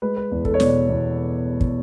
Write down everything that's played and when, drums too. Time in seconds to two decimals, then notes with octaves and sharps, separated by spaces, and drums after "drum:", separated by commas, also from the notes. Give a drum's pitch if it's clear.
0.02 G#3 B4
0.16 B4
0.31 E2
0.45 A4, drum: kick
0.54 C#5
0.60 B2 D5, drum: snare
0.89 E2
1.61 drum: kick